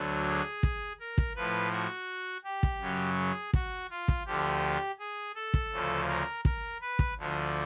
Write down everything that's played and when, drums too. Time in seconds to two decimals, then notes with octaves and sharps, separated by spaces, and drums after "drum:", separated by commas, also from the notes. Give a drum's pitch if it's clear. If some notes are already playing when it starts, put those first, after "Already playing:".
Already playing: D2 D3 F#3
0.27 G#4
0.63 drum: kick
1.00 A#4
1.18 drum: kick
1.35 A2 F3 B4
1.72 F#4
2.44 G4
2.63 drum: kick
2.81 F#2 C#3 F#3
3.18 G#4
3.53 F#4, drum: kick
3.90 F4
4.08 drum: kick
4.26 D2 D3 F3 G4
4.99 G#4
5.36 A4
5.54 drum: kick
5.72 D2 C#3 F3
6.09 A#4
6.45 A#4, drum: kick
6.81 B4
6.99 drum: kick
7.17 D2 D3 F3